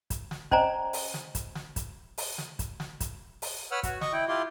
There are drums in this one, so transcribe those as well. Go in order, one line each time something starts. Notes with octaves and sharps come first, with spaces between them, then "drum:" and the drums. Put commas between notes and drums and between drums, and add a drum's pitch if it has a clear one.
drum: kick, hi-hat
drum: snare
C#4 C5 D5 D#5 G#5 A#5, drum: kick
drum: open hi-hat
drum: snare
drum: kick, hi-hat
drum: snare
drum: kick, hi-hat
drum: open hi-hat
drum: snare
drum: kick, hi-hat
drum: snare
drum: kick, hi-hat
drum: open hi-hat
B4 C#5 F#5 B5 E6 F6
F#4, drum: kick, hi-hat
D#5 C#6, drum: snare
E4 G5
E4 F4 G4 C6